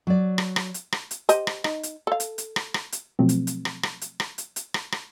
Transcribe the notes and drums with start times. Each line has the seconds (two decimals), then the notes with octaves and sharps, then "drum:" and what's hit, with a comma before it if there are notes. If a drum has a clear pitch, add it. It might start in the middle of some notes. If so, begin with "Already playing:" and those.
0.07 F#3 D5
0.38 drum: rim click
0.56 drum: rim click
0.74 drum: hi-hat
0.92 drum: rim click
1.11 drum: hi-hat
1.29 G4 C5 D#5, drum: hi-hat
1.47 drum: rim click
1.64 D#4, drum: rim click
1.83 drum: hi-hat
2.07 A4 F5
2.20 drum: hi-hat
2.38 drum: hi-hat
2.56 drum: rim click
2.74 drum: rim click
2.92 drum: hi-hat
3.19 B2 F3 F#3 A3 C4
3.29 drum: hi-hat
3.47 drum: hi-hat
3.65 drum: rim click
3.83 drum: rim click
4.01 drum: hi-hat
4.20 drum: rim click
4.38 drum: hi-hat
4.56 drum: hi-hat
4.74 drum: rim click
4.92 drum: rim click